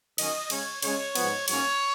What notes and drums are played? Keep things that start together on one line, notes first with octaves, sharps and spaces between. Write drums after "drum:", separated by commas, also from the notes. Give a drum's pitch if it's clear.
D#3 F#3 C#4 D#5, drum: cymbal
C#3 G#3 C#4 C#5, drum: cymbal
C#3 G#3 C#4 C#5, drum: cymbal
G#2 F3 B3, drum: cymbal
G#2 F#3 A#3 C#4 C#5, drum: cymbal